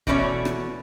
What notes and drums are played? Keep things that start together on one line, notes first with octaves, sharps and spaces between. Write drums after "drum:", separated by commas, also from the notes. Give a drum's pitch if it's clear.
B2 E3 A3 C#4 C#5 D5, drum: kick
drum: rim click